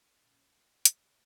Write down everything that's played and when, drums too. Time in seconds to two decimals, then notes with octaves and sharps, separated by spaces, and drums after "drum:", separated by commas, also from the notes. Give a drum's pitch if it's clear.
0.15 A#2 C#4 G6
0.49 C#5 D#5 F#5 A#5 C6
0.85 F6, drum: hi-hat